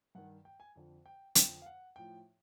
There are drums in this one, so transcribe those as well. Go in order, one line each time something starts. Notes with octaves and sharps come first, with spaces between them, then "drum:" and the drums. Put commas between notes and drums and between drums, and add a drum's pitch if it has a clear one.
G2 D#3 F#5
G5
G#5
F2 D3 F3
G5
F2 D3 F3 G5, drum: hi-hat
F5
F#5
A2 F3 G5